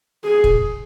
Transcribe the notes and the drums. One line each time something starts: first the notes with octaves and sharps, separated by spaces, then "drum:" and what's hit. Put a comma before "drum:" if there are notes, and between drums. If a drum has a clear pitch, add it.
G#4
drum: kick